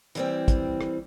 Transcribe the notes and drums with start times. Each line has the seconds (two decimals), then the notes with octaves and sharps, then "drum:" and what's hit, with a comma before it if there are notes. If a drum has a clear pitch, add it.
0.15 E3 G3 C4, drum: hi-hat
0.48 drum: kick, hi-hat
0.81 drum: rim click